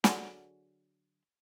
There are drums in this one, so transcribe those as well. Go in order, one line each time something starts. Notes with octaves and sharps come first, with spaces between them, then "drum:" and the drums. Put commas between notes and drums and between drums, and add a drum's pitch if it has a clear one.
D3 F#3 G#4, drum: snare